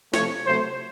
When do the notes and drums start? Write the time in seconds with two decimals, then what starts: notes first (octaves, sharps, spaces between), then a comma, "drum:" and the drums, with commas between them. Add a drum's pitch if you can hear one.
0.14 C3 F3 A3 C#5, drum: snare
0.45 C3 F#3 A3 C5